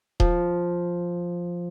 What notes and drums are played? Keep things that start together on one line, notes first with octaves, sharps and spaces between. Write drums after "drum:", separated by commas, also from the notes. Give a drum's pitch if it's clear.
F3, drum: kick D#1